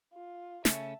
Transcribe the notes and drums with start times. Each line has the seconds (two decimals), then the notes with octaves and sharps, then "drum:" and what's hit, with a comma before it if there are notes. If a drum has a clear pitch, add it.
0.13 F4
0.65 C#3 A3 C#4 E5 A5, drum: snare